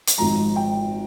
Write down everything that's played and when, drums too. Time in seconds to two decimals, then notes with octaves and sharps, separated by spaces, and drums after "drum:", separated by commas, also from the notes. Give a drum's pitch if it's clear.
0.07 drum: hi-hat
0.18 G#1 G#2 F3 G#3 A#5
0.56 G5